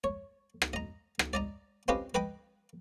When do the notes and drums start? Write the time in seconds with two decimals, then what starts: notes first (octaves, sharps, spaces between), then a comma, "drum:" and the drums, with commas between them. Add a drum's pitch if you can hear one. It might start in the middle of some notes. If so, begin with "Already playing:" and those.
0.04 C#5
0.62 drum: rim click
0.73 D#5 A#5
1.19 drum: rim click
1.33 D5 D#5 A#5
1.88 C4 C#4 F4 G4 B4 D#5
2.14 B4 D#5 G5 B5